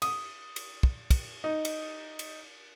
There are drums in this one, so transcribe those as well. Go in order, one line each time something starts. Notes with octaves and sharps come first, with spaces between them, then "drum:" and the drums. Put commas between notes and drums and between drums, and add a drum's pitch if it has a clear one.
D#6, drum: cymbal
drum: cymbal
drum: kick
drum: kick, cymbal
D#4
drum: cymbal
drum: cymbal